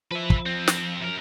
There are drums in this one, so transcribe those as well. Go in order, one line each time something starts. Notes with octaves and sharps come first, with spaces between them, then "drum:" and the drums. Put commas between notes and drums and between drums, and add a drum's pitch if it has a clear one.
F3 B4 E5
drum: kick
F2 C4
drum: snare
F#2 A#4